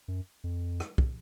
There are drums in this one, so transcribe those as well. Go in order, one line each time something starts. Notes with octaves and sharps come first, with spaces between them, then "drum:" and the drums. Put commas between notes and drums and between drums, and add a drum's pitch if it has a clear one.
F#2
F2
drum: rim click
drum: kick